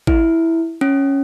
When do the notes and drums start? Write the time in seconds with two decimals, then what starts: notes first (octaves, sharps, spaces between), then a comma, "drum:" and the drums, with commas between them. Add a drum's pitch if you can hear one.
0.07 E4, drum: kick G#1
0.81 C#4